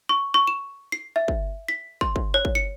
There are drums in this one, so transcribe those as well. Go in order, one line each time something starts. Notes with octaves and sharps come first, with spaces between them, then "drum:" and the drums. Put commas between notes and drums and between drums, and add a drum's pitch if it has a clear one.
C#6
C#6
E7
C7
E5
drum: kick
B6
C6, drum: kick
drum: kick
C#5
drum: kick
C#7